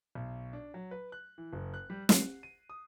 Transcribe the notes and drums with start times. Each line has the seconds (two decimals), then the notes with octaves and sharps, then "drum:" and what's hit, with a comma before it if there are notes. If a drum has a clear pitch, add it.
0.15 B1
0.53 D4
0.74 F#3
0.91 B4
1.12 F#6
1.38 E3
1.53 F#1
1.74 F#6
1.90 G3
2.09 C7, drum: snare
2.43 D#7
2.70 D#6